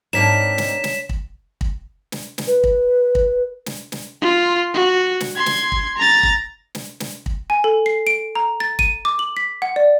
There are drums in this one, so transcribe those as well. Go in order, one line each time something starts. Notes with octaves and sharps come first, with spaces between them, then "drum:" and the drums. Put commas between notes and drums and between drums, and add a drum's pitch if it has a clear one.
G#2 A#3 C4 D4 D#4 C#5 B6 E7
drum: snare
drum: snare
drum: kick
drum: kick
drum: snare
drum: snare
B4
drum: kick
drum: kick
drum: snare
drum: snare
F4
F#4
drum: snare
C6 G#6
drum: snare
drum: kick
A#5 A6
drum: kick
drum: snare
drum: snare
drum: kick
G#5
A4
C7
D7
A#5
A6
D#7, drum: kick
D6
F#7
B6
F#5
D5